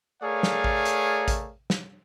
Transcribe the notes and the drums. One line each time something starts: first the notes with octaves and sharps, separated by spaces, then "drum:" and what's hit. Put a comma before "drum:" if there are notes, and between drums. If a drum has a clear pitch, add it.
A3 G#4 A#4 C#5 D5 F5
drum: snare
drum: kick A1
drum: hi-hat
drum: kick A1, hi-hat
drum: snare